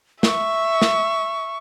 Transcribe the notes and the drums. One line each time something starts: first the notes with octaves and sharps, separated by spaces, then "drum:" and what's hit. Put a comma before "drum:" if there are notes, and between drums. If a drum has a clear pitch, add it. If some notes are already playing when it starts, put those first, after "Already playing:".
E5 C#6, drum: snare
drum: snare